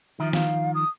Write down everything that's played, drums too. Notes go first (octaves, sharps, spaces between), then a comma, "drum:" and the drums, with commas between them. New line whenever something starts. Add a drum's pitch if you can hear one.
D#3 F3 E5
F5, drum: snare
D#6